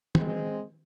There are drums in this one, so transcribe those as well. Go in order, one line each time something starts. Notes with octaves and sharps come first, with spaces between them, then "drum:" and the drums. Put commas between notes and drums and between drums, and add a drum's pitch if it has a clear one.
G#3 C4, drum: tom